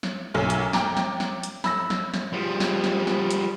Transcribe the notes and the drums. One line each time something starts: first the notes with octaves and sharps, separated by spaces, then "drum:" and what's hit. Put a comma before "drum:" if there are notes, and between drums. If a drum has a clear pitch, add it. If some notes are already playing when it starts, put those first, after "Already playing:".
drum: snare
B1 F#2 F#3 F6
drum: hi-hat
G5 A#5 D6, drum: snare
drum: snare
drum: snare
drum: hi-hat
B5 E6 A#6, drum: snare
drum: snare
drum: snare
F3 G3
drum: snare
drum: snare
drum: snare
drum: hi-hat